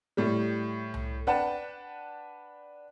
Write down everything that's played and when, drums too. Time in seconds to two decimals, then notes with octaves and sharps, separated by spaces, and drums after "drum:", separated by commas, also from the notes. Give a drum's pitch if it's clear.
0.17 A2 G3
0.94 drum: tom C2
1.27 D4 B4 F#5 G5 A5, drum: kick